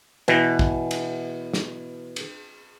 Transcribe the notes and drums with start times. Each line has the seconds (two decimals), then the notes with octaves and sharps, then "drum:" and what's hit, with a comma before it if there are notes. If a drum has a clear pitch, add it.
0.28 B2 E3, drum: cymbal
0.59 drum: kick
0.91 drum: cymbal
1.54 drum: snare
2.16 drum: cymbal